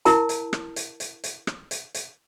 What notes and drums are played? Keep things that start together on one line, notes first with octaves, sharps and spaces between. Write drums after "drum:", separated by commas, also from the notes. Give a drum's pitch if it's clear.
E4 A#4 A5, drum: hi-hat
drum: hi-hat
drum: rim click
drum: hi-hat
drum: hi-hat
drum: hi-hat
drum: rim click
drum: hi-hat
drum: hi-hat